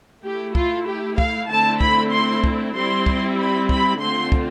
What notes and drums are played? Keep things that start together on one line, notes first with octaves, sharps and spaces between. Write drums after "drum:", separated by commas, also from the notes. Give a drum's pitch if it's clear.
A3 E4 G4
F4, drum: kick
G4
F5, drum: kick
D3 A3 C4 E4 A5
B5, drum: kick
C6
drum: kick
G3 C4 E4 C6
drum: kick
B5
B5, drum: kick
D3 A3 C4 F4 C6
drum: kick